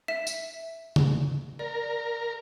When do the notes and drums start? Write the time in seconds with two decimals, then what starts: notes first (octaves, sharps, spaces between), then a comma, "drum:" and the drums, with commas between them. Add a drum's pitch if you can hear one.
0.08 E5 B6 E7
0.27 drum: tambourine
0.96 drum: tom C#3
1.59 A#4 D5